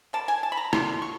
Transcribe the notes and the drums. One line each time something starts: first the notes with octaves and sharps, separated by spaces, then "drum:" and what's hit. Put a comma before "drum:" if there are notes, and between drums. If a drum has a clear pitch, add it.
D3 G3 A#3 A5
G#5
A5
B5
A#5
D3 G3 A#3 C6, drum: rim click
C#6